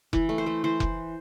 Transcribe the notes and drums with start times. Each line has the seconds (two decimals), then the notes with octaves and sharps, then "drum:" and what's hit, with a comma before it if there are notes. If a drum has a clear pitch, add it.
0.13 E3, drum: kick F1
0.29 A3
0.38 C5
0.46 A3
0.64 E3 C5
0.80 drum: kick F1